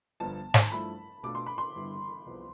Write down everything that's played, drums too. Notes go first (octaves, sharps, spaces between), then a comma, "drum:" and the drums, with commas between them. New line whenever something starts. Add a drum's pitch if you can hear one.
G1 G2 F3 B3 A5
drum: snare
G2 F3 A3 E4 B5
B2 A3 D4 F4 A4 D6
C6
B5
C6
G2 D3 G3 B3 E4
C2 C3 F3 B3